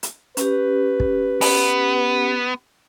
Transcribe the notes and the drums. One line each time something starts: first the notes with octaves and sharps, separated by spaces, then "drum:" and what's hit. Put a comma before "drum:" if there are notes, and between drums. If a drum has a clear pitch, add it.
drum: hi-hat
C#4 G4 B4, drum: hi-hat
drum: kick
B3, drum: open hi-hat